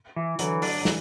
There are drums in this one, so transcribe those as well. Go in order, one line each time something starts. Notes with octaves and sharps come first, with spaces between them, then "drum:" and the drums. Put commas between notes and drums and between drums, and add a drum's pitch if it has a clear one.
E3
D3 E3 F#3, drum: hi-hat
F#3 A3 D4, drum: open hi-hat
F#3
E3 G3, drum: snare